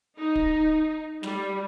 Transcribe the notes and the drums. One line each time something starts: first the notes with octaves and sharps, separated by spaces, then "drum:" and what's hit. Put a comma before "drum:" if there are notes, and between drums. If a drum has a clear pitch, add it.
D#4
drum: kick
G3, drum: snare